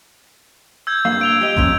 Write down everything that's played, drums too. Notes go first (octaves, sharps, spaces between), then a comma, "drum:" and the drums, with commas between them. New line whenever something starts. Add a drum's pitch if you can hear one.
E6 G6 G#6
G2 A#3 F5
D7 F7 G7
G4 D#5
F3 A#3 C#4, drum: kick